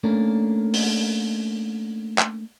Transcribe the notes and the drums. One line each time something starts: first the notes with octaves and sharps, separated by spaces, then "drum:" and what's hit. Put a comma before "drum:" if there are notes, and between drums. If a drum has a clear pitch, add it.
A3 A#3 C#4 D4 A#4
drum: open hi-hat
drum: clap